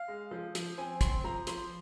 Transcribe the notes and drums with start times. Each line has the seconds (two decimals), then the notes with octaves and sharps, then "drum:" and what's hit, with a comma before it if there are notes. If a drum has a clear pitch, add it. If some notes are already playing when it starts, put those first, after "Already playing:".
Already playing: F5
0.08 G#3
0.31 F3
0.55 F3, drum: hi-hat
0.78 C4 G#5
1.01 C4 C6, drum: kick, hi-hat
1.24 F3 A#5
1.47 F3 C6, drum: hi-hat